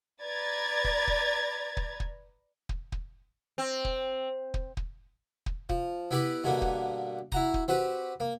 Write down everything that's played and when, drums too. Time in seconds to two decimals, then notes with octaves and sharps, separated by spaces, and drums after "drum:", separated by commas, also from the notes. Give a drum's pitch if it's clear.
0.21 B4 D5 A#5 G#6 A6
0.84 drum: kick
1.08 drum: kick
1.77 drum: kick
2.00 drum: kick
2.69 drum: kick
2.92 drum: kick
3.58 C4
3.85 drum: kick
4.54 drum: kick
4.77 drum: kick
5.46 drum: kick
5.69 F3, drum: kick
6.11 B3 E4 G4 B4 D5
6.44 G2 B2 D3 A#3 B3
6.62 drum: kick
7.32 E4 F#4 A#5, drum: kick
7.54 drum: kick
7.68 C4 F#4 G4 B4
8.20 A#3